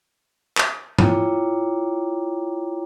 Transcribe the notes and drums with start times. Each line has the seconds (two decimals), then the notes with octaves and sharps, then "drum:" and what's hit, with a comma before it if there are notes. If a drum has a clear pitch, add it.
0.57 drum: clap
0.99 E4 F4 C#5 G5 A#5 D6, drum: tom G#2